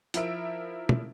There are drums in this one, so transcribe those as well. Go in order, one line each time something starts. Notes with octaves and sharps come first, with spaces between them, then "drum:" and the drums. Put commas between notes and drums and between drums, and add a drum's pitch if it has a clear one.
F3 E4 A#4 E5 D7, drum: hi-hat
drum: tom